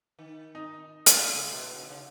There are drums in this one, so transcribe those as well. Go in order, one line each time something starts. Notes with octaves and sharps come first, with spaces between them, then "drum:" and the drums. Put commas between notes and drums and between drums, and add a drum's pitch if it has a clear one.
D#3
D#4
drum: hi-hat
C#3 E4
B2
C#3
B2
C#3